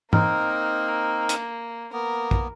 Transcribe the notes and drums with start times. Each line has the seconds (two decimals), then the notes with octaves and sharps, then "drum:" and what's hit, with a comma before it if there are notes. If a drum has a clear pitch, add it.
0.13 A#3 C4 D#4 A#4, drum: tom
1.29 drum: hi-hat
1.93 A#3 B3 A#4
2.31 drum: kick